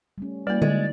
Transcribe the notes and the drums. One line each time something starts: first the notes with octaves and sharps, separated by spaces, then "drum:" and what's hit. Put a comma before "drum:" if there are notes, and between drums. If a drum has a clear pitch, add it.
G3 A3 C#4
G3 A#3 E4 F#4 B4 D5
G#3 D#4, drum: tom D3